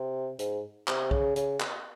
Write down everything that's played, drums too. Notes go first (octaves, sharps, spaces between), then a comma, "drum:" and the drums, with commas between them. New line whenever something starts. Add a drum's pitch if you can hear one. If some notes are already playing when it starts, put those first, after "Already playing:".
Already playing: C3
G#2, drum: hi-hat
C3, drum: clap
C#3, drum: kick
C#3, drum: hi-hat
drum: clap